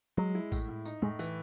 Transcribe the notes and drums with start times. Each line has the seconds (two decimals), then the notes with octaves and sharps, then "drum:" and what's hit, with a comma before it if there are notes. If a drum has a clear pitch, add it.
0.17 F#3 G#3
0.35 E4
0.52 A2, drum: kick A1, tambourine
0.69 A2
0.85 D#4, drum: tambourine
1.02 A2 G#3
1.19 E3, drum: tambourine